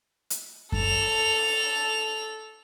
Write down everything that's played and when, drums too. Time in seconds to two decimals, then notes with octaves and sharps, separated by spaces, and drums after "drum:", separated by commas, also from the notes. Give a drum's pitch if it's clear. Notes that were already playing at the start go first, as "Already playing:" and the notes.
0.30 drum: hi-hat
0.72 A4 F7, drum: kick F#2